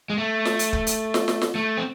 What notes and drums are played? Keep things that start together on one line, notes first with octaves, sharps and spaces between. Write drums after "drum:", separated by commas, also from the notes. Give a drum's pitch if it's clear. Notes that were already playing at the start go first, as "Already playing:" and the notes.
G#3
A3
drum: snare
drum: hi-hat
drum: kick
drum: hi-hat
drum: snare
drum: snare
drum: snare
A3
C4